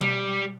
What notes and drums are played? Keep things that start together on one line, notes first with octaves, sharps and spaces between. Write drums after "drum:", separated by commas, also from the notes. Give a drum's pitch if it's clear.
G3, drum: tom B2